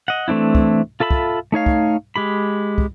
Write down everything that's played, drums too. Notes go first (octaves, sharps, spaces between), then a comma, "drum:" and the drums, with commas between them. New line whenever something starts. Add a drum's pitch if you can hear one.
D#5 F#5
E3 A3 C4 D4 E4
drum: kick
F4 A4 E5 B5 E6
drum: kick
A3 D#4 C#5 F5
drum: kick
G#3 G4 B5
drum: kick